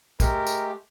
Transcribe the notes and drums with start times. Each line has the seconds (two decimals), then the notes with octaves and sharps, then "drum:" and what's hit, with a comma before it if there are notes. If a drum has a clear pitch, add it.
0.20 G#3 A3 G4 A#4, drum: kick, tambourine
0.47 drum: tambourine